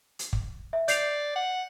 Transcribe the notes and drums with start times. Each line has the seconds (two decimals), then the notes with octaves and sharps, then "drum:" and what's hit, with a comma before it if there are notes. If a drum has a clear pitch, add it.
0.19 drum: hi-hat
0.33 drum: kick
0.73 E5
0.88 D5 G6 C7 F7, drum: hi-hat
1.36 F#5